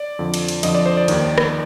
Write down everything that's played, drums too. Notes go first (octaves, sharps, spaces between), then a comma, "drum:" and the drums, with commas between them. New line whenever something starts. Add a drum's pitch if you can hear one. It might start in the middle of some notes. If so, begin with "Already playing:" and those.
Already playing: D5
F2 D3 F3
drum: cymbal
drum: cymbal
F2 D3 F3 D#5, drum: cymbal
D5
C5
D5
D#2 D#3, drum: cymbal
drum: rim click